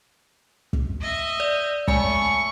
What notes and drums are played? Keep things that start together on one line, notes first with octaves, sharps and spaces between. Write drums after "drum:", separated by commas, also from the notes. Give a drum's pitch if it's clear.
drum: kick
D#5 E5
D5
G#3 A3 G#5 C#6, drum: kick